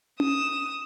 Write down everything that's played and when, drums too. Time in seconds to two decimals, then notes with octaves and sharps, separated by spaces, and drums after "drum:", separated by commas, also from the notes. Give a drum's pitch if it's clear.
0.20 D#6 E7, drum: tom C#4